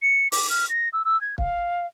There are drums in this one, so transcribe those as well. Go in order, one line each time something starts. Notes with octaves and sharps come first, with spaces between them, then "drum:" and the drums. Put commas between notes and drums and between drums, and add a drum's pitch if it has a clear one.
C#7
D6, drum: open hi-hat
F6
A#6
E6
E6
G#6
F5, drum: kick